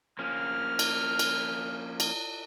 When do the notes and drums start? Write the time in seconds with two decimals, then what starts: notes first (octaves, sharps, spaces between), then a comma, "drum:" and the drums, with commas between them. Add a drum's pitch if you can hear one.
0.19 F3 A#3 C#4 F6
0.79 drum: cymbal
1.19 drum: cymbal
2.00 drum: cymbal